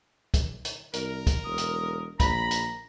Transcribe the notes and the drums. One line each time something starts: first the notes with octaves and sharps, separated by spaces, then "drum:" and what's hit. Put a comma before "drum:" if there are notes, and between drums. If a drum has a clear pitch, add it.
drum: kick, hi-hat
drum: hi-hat
C2 A#4, drum: hi-hat
drum: kick, hi-hat
E1 D#6
drum: hi-hat
A#1 A#5 B5, drum: kick, hi-hat
drum: hi-hat